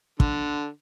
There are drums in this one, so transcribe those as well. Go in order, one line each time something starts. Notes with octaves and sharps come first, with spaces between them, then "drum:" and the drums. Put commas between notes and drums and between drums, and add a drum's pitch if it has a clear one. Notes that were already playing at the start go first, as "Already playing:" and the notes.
D3, drum: kick